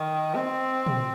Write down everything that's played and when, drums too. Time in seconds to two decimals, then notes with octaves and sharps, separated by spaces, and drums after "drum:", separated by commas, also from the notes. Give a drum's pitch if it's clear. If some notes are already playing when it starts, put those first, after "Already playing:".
Already playing: D#3
0.34 C4
0.86 drum: tom A#2